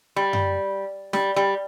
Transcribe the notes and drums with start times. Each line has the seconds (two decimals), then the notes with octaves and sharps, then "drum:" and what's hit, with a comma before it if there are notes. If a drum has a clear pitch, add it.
0.16 G3
0.33 drum: tom F#2
1.13 G3, drum: snare
1.36 G3